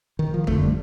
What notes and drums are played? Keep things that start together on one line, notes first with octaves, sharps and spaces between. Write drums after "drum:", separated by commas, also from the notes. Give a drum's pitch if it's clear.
D#3
F3
F2 D3 A3, drum: kick
G3